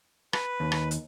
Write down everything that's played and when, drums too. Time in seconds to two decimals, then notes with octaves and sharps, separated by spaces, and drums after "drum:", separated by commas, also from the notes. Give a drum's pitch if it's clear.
0.33 B4, drum: rim click
0.60 D#2
0.72 drum: rim click
0.91 drum: hi-hat